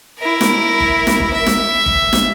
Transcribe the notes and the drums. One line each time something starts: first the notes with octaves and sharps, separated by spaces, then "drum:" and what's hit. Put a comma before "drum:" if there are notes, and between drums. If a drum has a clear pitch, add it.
E4 A#4
drum: snare
drum: kick G1
drum: snare
drum: kick G1
E5
drum: snare
drum: kick G1
drum: snare